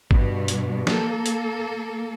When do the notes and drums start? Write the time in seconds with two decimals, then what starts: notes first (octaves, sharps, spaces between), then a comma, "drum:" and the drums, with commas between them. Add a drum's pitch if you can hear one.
0.11 G2 B2, drum: kick
0.48 drum: hi-hat
0.87 A#3 A4, drum: snare
1.26 drum: hi-hat